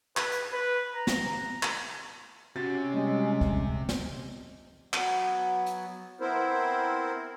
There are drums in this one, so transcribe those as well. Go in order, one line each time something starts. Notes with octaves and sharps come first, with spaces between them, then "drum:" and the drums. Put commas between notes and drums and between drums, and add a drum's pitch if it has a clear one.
B4, drum: clap
drum: hi-hat
B4
A#5
drum: snare
drum: clap
C3 C#4 F#4 A6
G3 G#3 D#5
drum: kick
drum: snare
F#3 B3, drum: clap
drum: hi-hat
B3 C4 E4 A#4 C5